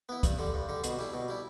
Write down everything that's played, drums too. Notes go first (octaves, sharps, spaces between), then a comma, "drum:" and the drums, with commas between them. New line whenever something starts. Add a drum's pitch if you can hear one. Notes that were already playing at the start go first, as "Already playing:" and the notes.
B3 E4
G2, drum: kick, hi-hat
D3 G3
G2
D3 G3
B2, drum: hi-hat
G3 E4
B2
G3 E4